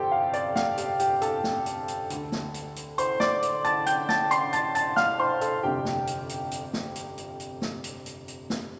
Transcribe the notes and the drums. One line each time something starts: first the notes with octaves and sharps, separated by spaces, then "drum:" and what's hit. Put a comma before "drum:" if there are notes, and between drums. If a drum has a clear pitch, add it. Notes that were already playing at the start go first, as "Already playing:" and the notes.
Already playing: G1 F2 C3 G4 A4 C5 G5 C6
F5
D5, drum: hi-hat
F5, drum: snare
G4 G5, drum: hi-hat
G4 G5, drum: hi-hat
A4 A5, drum: hi-hat
drum: snare
drum: hi-hat
drum: hi-hat
D2 D3, drum: hi-hat
drum: snare
drum: hi-hat
drum: hi-hat
C5 C6, drum: hi-hat
D5 D6, drum: snare
drum: hi-hat
A5 A6, drum: hi-hat
G5 G6, drum: hi-hat
A5 A6, drum: snare
C6 C7, drum: hi-hat
A5 A6, drum: hi-hat
A5 A6, drum: hi-hat
F5 F6, drum: snare
C5 C6
A4 A5, drum: hi-hat
G1 F2 C3 G4 G5
drum: snare
drum: hi-hat
drum: hi-hat
drum: hi-hat
drum: snare
drum: hi-hat
drum: hi-hat
drum: hi-hat
drum: snare
drum: hi-hat
drum: hi-hat
drum: hi-hat
drum: snare